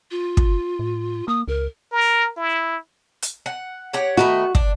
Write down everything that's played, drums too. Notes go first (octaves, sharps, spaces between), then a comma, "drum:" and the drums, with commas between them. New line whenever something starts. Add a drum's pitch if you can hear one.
F4
drum: kick
A2
A#3 D#6
C#2 A#4
A#4
E4
drum: hi-hat
F#5
G4 C#5 F#5
D#3 A3 B3 F#4
D4, drum: kick